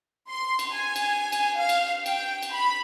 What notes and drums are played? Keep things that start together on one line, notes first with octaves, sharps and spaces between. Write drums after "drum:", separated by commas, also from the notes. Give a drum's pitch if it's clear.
C6
drum: cymbal
G#5
drum: cymbal
drum: cymbal
F5
drum: cymbal
G5, drum: cymbal
drum: cymbal
B5